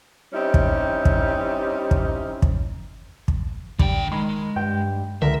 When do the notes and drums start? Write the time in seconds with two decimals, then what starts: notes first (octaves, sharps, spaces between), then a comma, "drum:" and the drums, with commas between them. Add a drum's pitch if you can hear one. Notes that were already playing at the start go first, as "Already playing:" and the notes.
0.33 G3 C4 C#4 D#4 E4 G4
0.54 drum: kick
1.05 drum: kick
1.91 drum: kick
2.42 drum: kick
3.28 drum: kick
3.79 D3 G3 G5, drum: kick
4.12 D#3 G#3 B5
4.56 G2 G5
5.22 C#2 D3 A#4 E5